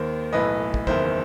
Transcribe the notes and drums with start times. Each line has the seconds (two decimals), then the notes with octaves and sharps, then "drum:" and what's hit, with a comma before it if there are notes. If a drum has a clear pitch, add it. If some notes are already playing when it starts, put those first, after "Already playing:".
Already playing: D#2 D#3 C5
0.33 B1 A2 E3 B4 D#5
0.74 drum: kick
0.87 F#1 E2 D#3 C5 E5, drum: kick